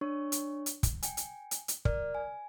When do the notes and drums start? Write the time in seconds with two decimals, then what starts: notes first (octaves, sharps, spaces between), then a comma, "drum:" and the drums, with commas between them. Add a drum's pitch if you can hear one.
0.01 D4 C#5 C#6
0.32 drum: hi-hat
0.66 drum: hi-hat
0.83 drum: kick, hi-hat
1.03 G5 G#5, drum: hi-hat
1.17 drum: hi-hat
1.51 drum: hi-hat
1.68 drum: hi-hat
1.85 A#4 D5 F6, drum: kick
2.15 G#5